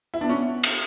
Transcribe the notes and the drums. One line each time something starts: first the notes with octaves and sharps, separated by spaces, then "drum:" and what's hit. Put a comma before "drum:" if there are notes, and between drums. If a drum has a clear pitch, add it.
E4
B3 D4
C#4
drum: cymbal